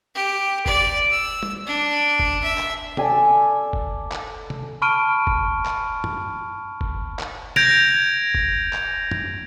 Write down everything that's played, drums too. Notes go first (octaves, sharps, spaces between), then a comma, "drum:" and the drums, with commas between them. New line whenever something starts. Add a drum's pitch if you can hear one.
G4
D5, drum: kick F1
E6
drum: tom
D4
drum: kick F1
E5
drum: clap
A4 D5 G#5 A5, drum: tom C3
drum: kick F1
drum: clap
drum: tom C3
A5 B5 C#6 F6 D7 D#7
drum: kick F1
drum: clap
drum: tom F#2
drum: kick F1
drum: clap
G6 G#6 A#6 D7 F7, drum: tom C3
drum: kick F1
drum: clap
drum: tom F#2